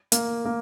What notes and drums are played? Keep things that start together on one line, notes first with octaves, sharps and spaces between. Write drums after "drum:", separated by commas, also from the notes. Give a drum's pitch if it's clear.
A#3, drum: hi-hat
A#3